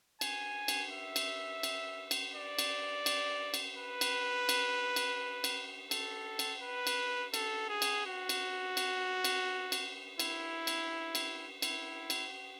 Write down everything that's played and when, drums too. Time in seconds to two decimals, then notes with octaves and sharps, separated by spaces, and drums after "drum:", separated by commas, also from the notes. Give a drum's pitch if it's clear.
0.21 G#5, drum: cymbal
0.68 drum: cymbal
0.92 E5
1.16 drum: cymbal
1.63 drum: cymbal
2.11 drum: cymbal
2.35 D5
2.59 drum: cymbal
3.06 drum: cymbal
3.54 drum: cymbal
3.77 B4
4.01 drum: cymbal
4.49 drum: cymbal
4.96 drum: cymbal
5.44 drum: cymbal
5.91 A4, drum: cymbal
6.39 drum: cymbal
6.62 B4
6.87 drum: cymbal
7.34 A4, drum: cymbal
7.69 G#4
7.82 drum: cymbal
8.06 F#4
8.29 drum: cymbal
8.77 drum: cymbal
9.24 drum: cymbal
9.72 drum: cymbal
10.19 E4, drum: cymbal
10.67 drum: cymbal
11.15 drum: cymbal
11.62 E4, drum: cymbal
12.10 drum: cymbal